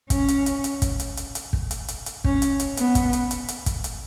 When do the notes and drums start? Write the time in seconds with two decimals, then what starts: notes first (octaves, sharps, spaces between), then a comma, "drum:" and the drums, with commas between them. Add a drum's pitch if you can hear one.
0.10 C#4, drum: kick, hi-hat
0.28 drum: hi-hat
0.46 drum: hi-hat
0.64 drum: hi-hat
0.82 drum: kick, hi-hat
1.00 drum: hi-hat
1.17 drum: hi-hat
1.35 drum: hi-hat
1.53 drum: kick
1.71 drum: hi-hat
1.88 drum: hi-hat
2.06 drum: hi-hat
2.24 C#4, drum: kick
2.42 drum: hi-hat
2.60 drum: hi-hat
2.77 B3, drum: hi-hat
2.95 drum: kick, hi-hat
3.13 drum: hi-hat
3.31 drum: hi-hat
3.48 drum: hi-hat
3.66 drum: kick, hi-hat
3.84 drum: hi-hat